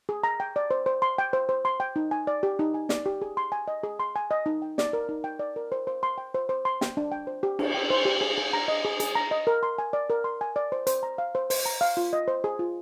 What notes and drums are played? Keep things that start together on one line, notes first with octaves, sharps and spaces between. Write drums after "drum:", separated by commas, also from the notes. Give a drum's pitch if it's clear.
G#4
A#5
G5
D5
C5
C5
C6
G5
C5
C5
C6
G5
D#4
G#5
D5
G4
D#4
G#5
D5, drum: snare
G4
G#4
C6
G#5
D#5
G#4
C6
G#5
D#5
D#4
G5
D5, drum: snare
A#4
D#4
G5
D5
A#4
C5
C5
C6
G5
C5
C5
C6
G5, drum: snare
D4
G5
C5
G4
D4, drum: cymbal
G5
C5
G4
G#4
G#4
A#5
D#5
G#4
G#4, drum: hi-hat
A#5
D#5
A#4
C6
G#5
D5
A#4
C6
G#5
D5
C5
C5, drum: hi-hat
A#5
F5
C5
C5, drum: open hi-hat
A#5
F5
F4
D#5
C5
G#4
F4